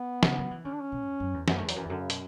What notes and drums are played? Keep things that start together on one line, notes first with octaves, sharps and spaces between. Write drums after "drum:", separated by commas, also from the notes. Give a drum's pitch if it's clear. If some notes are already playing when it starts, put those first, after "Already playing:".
Already playing: B3
C#3, drum: snare
F#3
E3
D3 C#4
D4
C#4
B2
E2
F#2
E2
F#2 B3, drum: snare
E2 A3
F#3, drum: hi-hat
F#2 E3
E2
F#2 D3
C#3
B2, drum: hi-hat